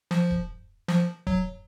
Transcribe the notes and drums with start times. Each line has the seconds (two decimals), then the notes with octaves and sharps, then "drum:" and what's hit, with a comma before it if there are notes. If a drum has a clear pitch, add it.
0.11 F3, drum: snare
0.31 drum: kick D#1
0.88 F3, drum: snare
1.27 F#3, drum: kick D#1